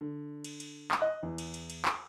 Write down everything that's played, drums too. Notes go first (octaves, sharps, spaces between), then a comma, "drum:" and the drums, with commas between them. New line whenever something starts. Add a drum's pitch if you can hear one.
D3
drum: cymbal
drum: cymbal
drum: clap
D#5 F#6
E2
drum: cymbal
drum: cymbal
drum: cymbal
drum: clap